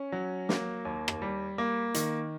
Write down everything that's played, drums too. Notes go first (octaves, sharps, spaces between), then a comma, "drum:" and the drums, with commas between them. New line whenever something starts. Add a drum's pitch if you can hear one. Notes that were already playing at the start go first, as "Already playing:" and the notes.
Already playing: C#4
F#3
A#3, drum: snare
D#2
drum: rim click
G3
A#3
D#3, drum: hi-hat